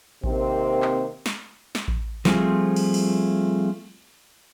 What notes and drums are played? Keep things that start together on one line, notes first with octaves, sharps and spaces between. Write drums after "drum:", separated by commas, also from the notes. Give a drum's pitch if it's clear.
C3 D#3 A#3 C4, drum: kick A1
drum: clap
drum: snare
drum: snare
drum: kick A1
F3 G3 A3 C4 F4 G#4, drum: snare
drum: cymbal
drum: cymbal